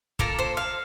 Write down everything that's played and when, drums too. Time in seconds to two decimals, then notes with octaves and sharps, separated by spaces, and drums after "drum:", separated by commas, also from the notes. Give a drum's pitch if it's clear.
0.19 A#3 F4 A4 A#4, drum: kick
0.39 C5
0.57 F5